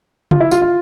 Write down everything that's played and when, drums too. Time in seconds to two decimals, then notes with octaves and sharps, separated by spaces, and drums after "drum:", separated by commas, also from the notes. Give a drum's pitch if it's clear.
0.31 F4, drum: tom C#3
0.40 E4
0.51 F4, drum: tambourine
0.62 F4